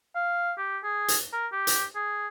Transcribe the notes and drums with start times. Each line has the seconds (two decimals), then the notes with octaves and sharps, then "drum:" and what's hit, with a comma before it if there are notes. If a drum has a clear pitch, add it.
0.15 F5
0.58 G4
0.83 G#4
1.08 drum: hi-hat
1.33 A#4
1.52 G4
1.67 drum: hi-hat
1.95 G#4